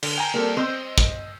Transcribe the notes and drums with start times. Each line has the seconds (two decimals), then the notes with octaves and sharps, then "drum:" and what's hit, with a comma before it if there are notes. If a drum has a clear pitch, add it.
0.03 D3, drum: cymbal
0.18 G5 G#5 A#5
0.34 G3 A#3 C4 A4 A#4
0.57 C4 C5 D#5 E6 G6
0.98 drum: kick